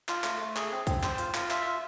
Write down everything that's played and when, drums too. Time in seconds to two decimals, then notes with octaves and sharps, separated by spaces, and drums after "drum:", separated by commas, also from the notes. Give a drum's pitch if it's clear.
0.09 F4, drum: clap
0.24 A3, drum: clap
0.40 A3
0.57 G#4, drum: clap
0.72 C4
0.87 C4, drum: kick, hi-hat
1.03 C5, drum: clap
1.18 F4, drum: hi-hat
1.34 F4, drum: clap
1.51 E5, drum: clap
1.66 F4